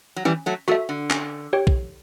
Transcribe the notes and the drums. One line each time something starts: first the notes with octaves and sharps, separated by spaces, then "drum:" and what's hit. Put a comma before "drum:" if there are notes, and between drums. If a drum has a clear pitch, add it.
F#3
E3 G3 C#4
F#3 A3
F#3 A3 F#4 A4 E5
D3
C#4, drum: clap
G4 C#5 G5
drum: kick